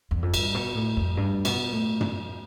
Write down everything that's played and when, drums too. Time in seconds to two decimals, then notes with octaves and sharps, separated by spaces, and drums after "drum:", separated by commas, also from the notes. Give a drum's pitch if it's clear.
0.11 E2
0.22 F2
0.34 G2, drum: cymbal
0.54 B2
0.75 A2
0.97 F2
1.17 G2
1.45 B2, drum: cymbal
1.72 A2
2.01 drum: tom